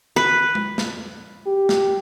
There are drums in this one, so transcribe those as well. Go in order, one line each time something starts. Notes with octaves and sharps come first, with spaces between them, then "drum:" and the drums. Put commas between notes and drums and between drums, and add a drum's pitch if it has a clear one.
B4
drum: tom G#3
drum: snare
G4
drum: snare